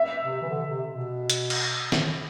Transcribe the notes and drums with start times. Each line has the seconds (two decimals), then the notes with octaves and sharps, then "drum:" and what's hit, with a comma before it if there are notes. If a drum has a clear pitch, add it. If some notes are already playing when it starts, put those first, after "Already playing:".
Already playing: E5
0.22 C3
0.42 E3
0.50 D3
0.69 C3
0.88 B2
1.30 drum: hi-hat
1.50 drum: cymbal
1.92 drum: snare